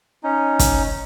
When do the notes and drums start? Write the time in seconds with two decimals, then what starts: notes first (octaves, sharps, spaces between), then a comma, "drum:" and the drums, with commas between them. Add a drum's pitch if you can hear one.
0.24 C#4 D#4
0.59 drum: kick, hi-hat